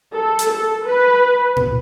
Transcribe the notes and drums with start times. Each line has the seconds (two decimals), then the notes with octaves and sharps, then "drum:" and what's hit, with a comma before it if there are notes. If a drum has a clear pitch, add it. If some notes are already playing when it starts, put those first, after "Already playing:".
0.14 A4
0.39 drum: hi-hat
0.51 A4
0.86 B4
1.57 drum: tom A2